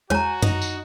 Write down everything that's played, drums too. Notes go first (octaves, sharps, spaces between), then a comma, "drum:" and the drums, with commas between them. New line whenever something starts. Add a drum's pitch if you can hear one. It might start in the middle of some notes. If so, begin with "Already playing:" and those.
E2 G#3 F#4 C#5 G#5 A#5
D#4, drum: tom F#2
drum: tambourine